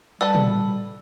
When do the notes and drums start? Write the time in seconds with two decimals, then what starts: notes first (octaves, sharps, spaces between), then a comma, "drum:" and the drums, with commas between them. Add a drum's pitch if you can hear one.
0.21 G3 A4 B4 D5 A5 E6
0.35 drum: tom